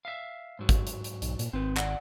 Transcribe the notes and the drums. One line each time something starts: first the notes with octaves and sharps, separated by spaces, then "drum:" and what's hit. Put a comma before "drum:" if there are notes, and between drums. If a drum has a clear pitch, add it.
E5 F5
G#2 F#3
drum: kick G#1, hi-hat
drum: hi-hat
drum: hi-hat
B1, drum: hi-hat
A#2, drum: hi-hat
G#1 C4 B4
D5 F#5, drum: clap